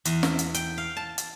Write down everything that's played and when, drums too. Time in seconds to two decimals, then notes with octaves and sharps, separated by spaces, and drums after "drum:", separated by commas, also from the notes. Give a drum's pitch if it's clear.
0.05 E2, drum: hi-hat
0.23 drum: snare
0.39 drum: hi-hat
0.54 G5, drum: hi-hat
0.78 F5
0.97 A5
1.18 drum: hi-hat